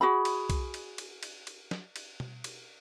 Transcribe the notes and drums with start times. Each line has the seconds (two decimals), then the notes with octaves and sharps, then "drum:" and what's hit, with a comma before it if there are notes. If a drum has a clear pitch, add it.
0.01 F#4 G#4 B5
0.25 drum: cymbal
0.50 drum: kick B1, cymbal
0.74 drum: cymbal
0.98 drum: cymbal
1.23 drum: cymbal
1.47 drum: cymbal
1.71 drum: snare
1.96 drum: cymbal
2.20 drum: tom B2
2.44 drum: cymbal